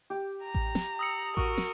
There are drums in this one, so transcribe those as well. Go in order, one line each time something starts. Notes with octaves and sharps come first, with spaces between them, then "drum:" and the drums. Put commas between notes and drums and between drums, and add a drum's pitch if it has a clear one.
G4
A#5
drum: kick A1
drum: snare
D#6 E6 C#7
F#4 A#4 C#6, drum: kick A1
drum: snare